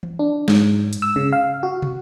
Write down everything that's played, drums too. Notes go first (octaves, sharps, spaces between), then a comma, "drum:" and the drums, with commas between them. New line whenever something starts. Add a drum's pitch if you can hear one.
drum: tom E3
D4
G#2, drum: snare
drum: hi-hat
E6
C#3
F5
F#4
drum: tom